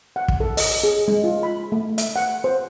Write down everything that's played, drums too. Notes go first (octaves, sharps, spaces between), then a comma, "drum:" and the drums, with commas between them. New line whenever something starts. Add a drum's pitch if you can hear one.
F#5
drum: kick
A4
D#5, drum: open hi-hat
G#4
G#3
F4
B5
A3
E5, drum: hi-hat
F#5
C5